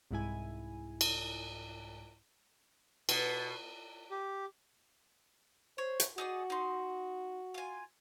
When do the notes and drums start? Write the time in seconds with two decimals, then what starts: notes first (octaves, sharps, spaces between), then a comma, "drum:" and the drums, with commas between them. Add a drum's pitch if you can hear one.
0.11 C2 G#2 E4 G#5
1.01 drum: cymbal
3.09 B2, drum: cymbal
4.11 G4
5.78 C5 C#5
6.00 drum: hi-hat
6.18 D#4 F#4 G#4 D5
6.50 D#4 C6
7.54 F4 G#5